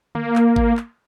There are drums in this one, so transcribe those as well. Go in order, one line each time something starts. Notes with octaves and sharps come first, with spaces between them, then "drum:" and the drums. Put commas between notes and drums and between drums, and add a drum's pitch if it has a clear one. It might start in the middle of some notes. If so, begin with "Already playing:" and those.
A#3, drum: tom D3
drum: clap
drum: kick G#1
drum: clap